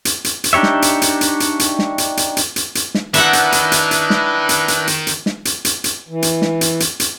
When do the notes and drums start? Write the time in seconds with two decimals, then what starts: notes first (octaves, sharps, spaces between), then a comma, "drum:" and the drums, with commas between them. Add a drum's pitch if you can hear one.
0.05 drum: hi-hat
0.24 drum: hi-hat
0.44 drum: hi-hat
0.53 D4 D#4 G4 C#5 E5
0.63 drum: snare
0.82 drum: hi-hat
1.02 drum: hi-hat
1.21 drum: hi-hat
1.40 drum: hi-hat
1.59 drum: hi-hat
1.79 drum: snare
1.98 drum: hi-hat
2.17 drum: hi-hat
2.37 drum: hi-hat
2.56 drum: hi-hat
2.75 drum: hi-hat
2.95 drum: snare
3.14 D#3 D4 E4 B4 E5 F#5, drum: hi-hat
3.33 drum: hi-hat
3.52 drum: hi-hat
3.72 drum: hi-hat
3.91 drum: hi-hat
4.10 drum: snare
4.49 drum: hi-hat
4.68 drum: hi-hat
4.87 drum: hi-hat
5.07 drum: hi-hat
5.26 drum: snare
5.45 drum: hi-hat
5.65 drum: hi-hat
5.84 drum: hi-hat
6.08 E3
6.22 drum: hi-hat
6.42 drum: snare
6.61 drum: hi-hat
6.80 drum: hi-hat
7.00 drum: hi-hat